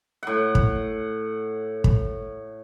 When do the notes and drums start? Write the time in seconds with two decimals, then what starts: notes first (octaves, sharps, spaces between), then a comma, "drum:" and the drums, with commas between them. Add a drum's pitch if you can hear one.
0.23 A2 F#5
0.55 drum: kick
1.84 drum: kick